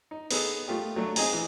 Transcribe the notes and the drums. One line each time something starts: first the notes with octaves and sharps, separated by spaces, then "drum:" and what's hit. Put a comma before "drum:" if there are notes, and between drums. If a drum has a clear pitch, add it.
D#4
B3 D#4 G#4 A4, drum: open hi-hat
A3 F4 G4
F#3 A3 D4
C4 D#4 G#4 D#5 G#5 A#5, drum: open hi-hat
E3